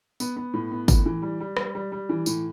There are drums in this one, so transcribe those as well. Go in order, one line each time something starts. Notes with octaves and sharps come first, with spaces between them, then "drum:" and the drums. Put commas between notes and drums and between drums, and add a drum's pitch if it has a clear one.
B3, drum: tambourine
B3
A2
B3
A2, drum: kick G1, tambourine
E3
G3
G3
G3, drum: rim click
G3
G3
E3
A2, drum: tambourine